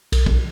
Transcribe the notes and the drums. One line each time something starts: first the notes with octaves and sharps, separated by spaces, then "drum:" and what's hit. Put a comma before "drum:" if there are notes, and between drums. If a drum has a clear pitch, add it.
B1, drum: cymbal
drum: kick